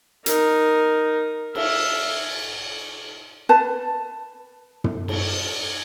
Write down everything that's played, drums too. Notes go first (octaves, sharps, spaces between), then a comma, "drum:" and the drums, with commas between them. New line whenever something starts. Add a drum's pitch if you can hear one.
D#4 A#4, drum: hi-hat
E5 F5, drum: cymbal
B4 A5
drum: tom
drum: cymbal